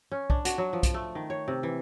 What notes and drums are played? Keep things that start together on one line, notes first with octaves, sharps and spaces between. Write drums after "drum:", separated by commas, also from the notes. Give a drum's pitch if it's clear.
C#4
D4, drum: kick B1
F#4, drum: hi-hat
F#3
F3
drum: kick B1, hi-hat
A3
D#3
C#5
C3
E3